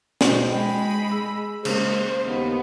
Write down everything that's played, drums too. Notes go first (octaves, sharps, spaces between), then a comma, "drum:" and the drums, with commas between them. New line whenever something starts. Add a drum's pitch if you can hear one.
B2 D#4 C5, drum: snare
G#3 G5 B5
G#4 E6
C#3 G#3 A#3 C5, drum: cymbal
D#2 B3